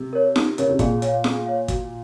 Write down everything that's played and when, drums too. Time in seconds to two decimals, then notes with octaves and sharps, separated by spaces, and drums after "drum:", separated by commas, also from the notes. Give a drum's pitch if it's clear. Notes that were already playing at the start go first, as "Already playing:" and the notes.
Already playing: C3
0.13 A#4 C#5
0.36 D#4, drum: snare F4
0.58 C#3 A#4 C#5, drum: hi-hat
0.69 C3
0.79 A#2 G#4, drum: kick, hi-hat
1.02 C#5 F5, drum: hi-hat
1.24 G#4, drum: snare F4
1.46 C#5 F5
1.68 F#4, drum: kick, hi-hat